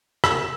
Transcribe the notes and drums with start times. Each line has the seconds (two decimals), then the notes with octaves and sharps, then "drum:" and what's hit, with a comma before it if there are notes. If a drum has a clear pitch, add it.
0.24 E6, drum: rim click